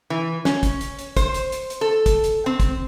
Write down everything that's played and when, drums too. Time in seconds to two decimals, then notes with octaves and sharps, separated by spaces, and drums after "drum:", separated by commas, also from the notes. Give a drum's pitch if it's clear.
0.10 E3
0.45 C#4, drum: snare
0.63 drum: kick, hi-hat
0.81 drum: hi-hat
0.99 drum: hi-hat
1.17 C5, drum: kick, hi-hat
1.34 drum: hi-hat
1.52 drum: hi-hat
1.70 drum: hi-hat
1.81 A4
2.06 drum: kick, hi-hat
2.24 drum: hi-hat
2.46 C4
2.60 drum: kick, hi-hat